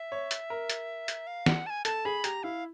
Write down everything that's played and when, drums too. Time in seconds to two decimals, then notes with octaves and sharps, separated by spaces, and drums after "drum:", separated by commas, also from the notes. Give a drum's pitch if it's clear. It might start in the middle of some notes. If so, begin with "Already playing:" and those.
Already playing: E5
0.12 C#5
0.31 drum: hi-hat
0.50 A#4
0.69 drum: hi-hat
1.08 drum: hi-hat
1.27 F5
1.46 F#5, drum: snare
1.66 A5
1.70 G#5
1.85 A4 A5, drum: hi-hat
2.05 G#4 B5
2.24 G4 A#5, drum: hi-hat
2.43 E4 F5